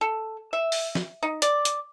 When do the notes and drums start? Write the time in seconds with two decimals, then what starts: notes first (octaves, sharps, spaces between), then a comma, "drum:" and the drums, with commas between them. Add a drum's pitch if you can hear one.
0.01 A4
0.53 E5
0.72 drum: open hi-hat
0.95 drum: snare
1.23 D#4
1.42 D5, drum: hi-hat
1.65 drum: hi-hat